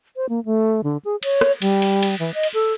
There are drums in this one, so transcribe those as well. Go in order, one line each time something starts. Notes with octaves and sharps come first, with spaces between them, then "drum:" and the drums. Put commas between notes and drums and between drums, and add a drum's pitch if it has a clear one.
C5
A#3
A3
D3
G#4
C#5, drum: cymbal
drum: rim click
G3, drum: cymbal
drum: cymbal
drum: cymbal
E3
D#5
drum: cymbal
A4